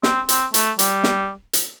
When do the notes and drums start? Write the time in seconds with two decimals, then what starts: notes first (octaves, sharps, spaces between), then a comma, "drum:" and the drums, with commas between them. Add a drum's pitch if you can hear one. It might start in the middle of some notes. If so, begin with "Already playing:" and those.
0.03 C4, drum: snare
0.29 C4, drum: hi-hat
0.54 A3, drum: hi-hat
0.79 G3, drum: hi-hat
1.04 drum: snare
1.53 drum: hi-hat